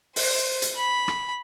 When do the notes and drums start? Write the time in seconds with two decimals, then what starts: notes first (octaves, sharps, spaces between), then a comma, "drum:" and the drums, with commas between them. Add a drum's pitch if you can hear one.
0.16 C5, drum: open hi-hat
0.62 drum: hi-hat
0.76 B5
1.08 drum: rim click